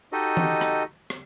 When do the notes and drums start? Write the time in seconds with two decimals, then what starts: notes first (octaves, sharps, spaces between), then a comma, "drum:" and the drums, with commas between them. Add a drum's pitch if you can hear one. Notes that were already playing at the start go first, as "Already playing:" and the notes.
0.12 D#4 F#4 G4 A4 D#5
0.37 drum: tom E3
0.61 drum: rim click
1.10 drum: rim click